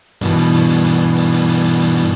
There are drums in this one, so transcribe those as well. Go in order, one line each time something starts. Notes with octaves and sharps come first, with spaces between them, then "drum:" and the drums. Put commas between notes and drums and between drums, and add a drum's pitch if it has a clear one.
G2 B2 E3, drum: hi-hat
drum: hi-hat
drum: hi-hat
drum: hi-hat
drum: hi-hat
drum: hi-hat
drum: hi-hat
drum: hi-hat
drum: hi-hat
drum: hi-hat
drum: hi-hat